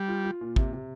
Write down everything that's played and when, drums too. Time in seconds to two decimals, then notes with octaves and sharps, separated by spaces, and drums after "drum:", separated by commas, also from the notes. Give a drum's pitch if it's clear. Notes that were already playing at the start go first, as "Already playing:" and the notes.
Already playing: G3
0.08 F4
0.24 F4
0.41 A#2
0.56 C3, drum: kick
0.73 C3